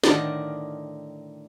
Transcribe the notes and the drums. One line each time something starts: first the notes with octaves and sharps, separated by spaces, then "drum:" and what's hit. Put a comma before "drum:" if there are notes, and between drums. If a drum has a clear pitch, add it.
A2 D3 D#3 D5 D#5 F5, drum: snare